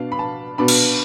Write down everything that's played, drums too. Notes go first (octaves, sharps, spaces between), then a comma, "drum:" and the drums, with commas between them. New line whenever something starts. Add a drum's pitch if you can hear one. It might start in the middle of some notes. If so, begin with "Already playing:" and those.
Already playing: B2 B3 D4 F5
B5
A5
B2 B3 D4 B5
drum: cymbal